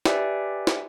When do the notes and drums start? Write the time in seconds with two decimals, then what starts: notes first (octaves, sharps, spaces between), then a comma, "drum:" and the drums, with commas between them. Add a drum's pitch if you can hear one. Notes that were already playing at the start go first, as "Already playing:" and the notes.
0.05 G4 B4 D5 E5 G5 G#5, drum: snare
0.67 drum: snare